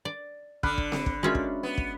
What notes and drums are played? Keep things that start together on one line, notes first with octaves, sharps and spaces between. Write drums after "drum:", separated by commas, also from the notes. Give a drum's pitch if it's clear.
D5
D3 B5 F6 F#6, drum: kick
drum: kick
drum: snare C4
drum: kick
G#3 C#4 F4 F#4 A#4 E5
drum: kick
B3
drum: kick